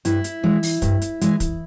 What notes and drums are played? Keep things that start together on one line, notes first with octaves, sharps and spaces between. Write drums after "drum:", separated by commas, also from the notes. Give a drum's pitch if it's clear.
G2 E4, drum: hi-hat
drum: hi-hat
E3 G#3
drum: open hi-hat
G2, drum: kick, hi-hat
drum: hi-hat
E3 G#3, drum: hi-hat
drum: kick, hi-hat